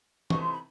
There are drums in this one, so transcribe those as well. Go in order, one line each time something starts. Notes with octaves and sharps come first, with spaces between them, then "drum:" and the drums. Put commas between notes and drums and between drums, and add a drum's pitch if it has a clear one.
C3 E3 A3 C4 D#4 C#6, drum: tom
C6
B5